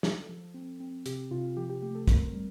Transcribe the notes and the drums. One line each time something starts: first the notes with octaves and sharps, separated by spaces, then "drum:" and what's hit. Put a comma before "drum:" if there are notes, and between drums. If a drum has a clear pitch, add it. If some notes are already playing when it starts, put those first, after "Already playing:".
F3 A4, drum: snare
F3
C4
C4
C3 G4, drum: hi-hat
C3 F4
F3 G4
G4
A3 G4
A4
C4 A#4, drum: kick, hi-hat
G3